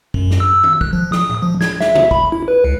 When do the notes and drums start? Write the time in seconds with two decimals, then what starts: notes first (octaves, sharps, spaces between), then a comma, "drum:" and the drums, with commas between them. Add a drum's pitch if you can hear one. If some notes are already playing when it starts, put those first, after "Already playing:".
0.14 F#2, drum: kick
0.31 drum: snare
0.40 E6
0.64 drum: tom D#3
0.81 F#6, drum: kick
0.93 F3
1.12 D#6, drum: snare
1.29 drum: tom A2
1.42 F3
1.61 G#6, drum: snare
1.81 E5, drum: snare
1.95 drum: tom C3
2.11 B5, drum: kick
2.32 E4
2.48 B4
2.64 C#2